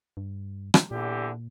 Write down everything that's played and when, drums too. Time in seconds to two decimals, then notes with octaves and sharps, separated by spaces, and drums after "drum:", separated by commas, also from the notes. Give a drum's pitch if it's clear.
0.17 G2
0.74 drum: rim click
0.91 E2 A#2 D3 G4